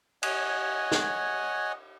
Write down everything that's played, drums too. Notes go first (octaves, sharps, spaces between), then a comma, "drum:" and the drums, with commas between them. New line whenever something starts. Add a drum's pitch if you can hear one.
C#5 D#5 F#5 G#5, drum: cymbal
drum: snare